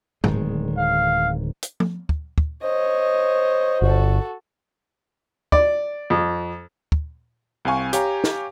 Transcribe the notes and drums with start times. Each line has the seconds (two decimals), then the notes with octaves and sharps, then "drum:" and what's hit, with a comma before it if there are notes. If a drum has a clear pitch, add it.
0.24 D1 D#3 G#3, drum: tom G#2
0.78 F5
1.63 drum: hi-hat
1.80 drum: tom F3
2.09 drum: kick
2.38 drum: kick
2.63 C5 C#5 D#5
3.82 G1 F#4 A4
5.52 D5, drum: kick
6.10 F2
6.92 drum: kick
7.65 C2 C4 F5 G#5 C#6
7.93 G4 C#5 F5 G#5 A#5, drum: hi-hat
8.24 drum: snare